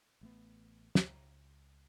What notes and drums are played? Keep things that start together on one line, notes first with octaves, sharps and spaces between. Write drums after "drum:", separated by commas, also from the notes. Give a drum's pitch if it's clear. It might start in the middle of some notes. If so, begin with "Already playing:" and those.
A1 A3 B3
C#2, drum: snare